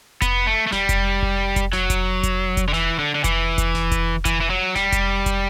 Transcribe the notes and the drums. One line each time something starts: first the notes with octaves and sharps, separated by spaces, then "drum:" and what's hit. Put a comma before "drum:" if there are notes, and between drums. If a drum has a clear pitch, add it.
B3, drum: kick F1, hi-hat
A3
A3
G3, drum: snare D#1
drum: kick F1, hi-hat
drum: kick F1
drum: kick F1, hi-hat
F#3, drum: snare D#1
drum: kick F1, hi-hat
drum: kick F1, hi-hat
drum: kick F1, hi-hat
D3
E3, drum: snare D#1
D3
D3
E3, drum: kick F1, hi-hat
drum: kick F1, hi-hat
drum: snare D#1
drum: kick F1, hi-hat
E3, drum: kick F1, hi-hat
E3
F#3
G3, drum: snare D#1
drum: kick F1, hi-hat
drum: kick F1, hi-hat